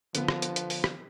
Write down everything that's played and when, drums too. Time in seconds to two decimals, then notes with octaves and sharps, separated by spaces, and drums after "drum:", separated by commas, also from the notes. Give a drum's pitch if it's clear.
0.15 D3 F3 B3, drum: hi-hat
0.28 drum: rim click
0.42 drum: hi-hat
0.56 drum: hi-hat
0.70 drum: open hi-hat
0.84 drum: rim click